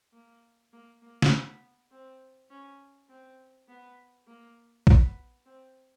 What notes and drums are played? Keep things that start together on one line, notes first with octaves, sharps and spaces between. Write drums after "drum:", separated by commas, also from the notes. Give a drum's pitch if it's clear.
A#3
A#3
A#3
drum: snare
B3
C4
C#4
C4
B3
A#3
B3, drum: kick
C4